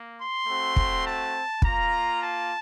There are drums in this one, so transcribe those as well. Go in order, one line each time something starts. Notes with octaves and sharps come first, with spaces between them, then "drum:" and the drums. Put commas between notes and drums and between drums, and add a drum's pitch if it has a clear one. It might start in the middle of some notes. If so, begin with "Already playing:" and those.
Already playing: A#3
C6
A3 C4 F#4
drum: kick
A5
A#3 F4 A#5, drum: kick
A5